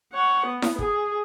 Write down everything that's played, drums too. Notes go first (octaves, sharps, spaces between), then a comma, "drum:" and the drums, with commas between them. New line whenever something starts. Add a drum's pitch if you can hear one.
C#5 F#5
B3
drum: snare E4
G#4, drum: kick